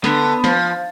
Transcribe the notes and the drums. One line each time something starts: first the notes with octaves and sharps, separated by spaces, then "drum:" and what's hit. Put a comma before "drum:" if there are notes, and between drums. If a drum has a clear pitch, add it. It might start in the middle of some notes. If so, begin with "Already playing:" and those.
D3 B3, drum: snare
F3, drum: snare